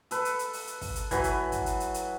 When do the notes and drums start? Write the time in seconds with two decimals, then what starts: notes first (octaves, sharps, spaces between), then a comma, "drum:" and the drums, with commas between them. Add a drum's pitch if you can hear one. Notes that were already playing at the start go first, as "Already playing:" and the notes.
0.11 A4 B4, drum: hi-hat
0.25 drum: hi-hat
0.39 drum: hi-hat
0.53 drum: open hi-hat
0.67 drum: hi-hat
0.81 drum: kick, open hi-hat
0.96 drum: hi-hat
1.11 E3 F#3 B4, drum: kick, hi-hat
1.24 drum: hi-hat
1.52 drum: kick, hi-hat
1.66 drum: hi-hat
1.80 drum: hi-hat
1.94 drum: hi-hat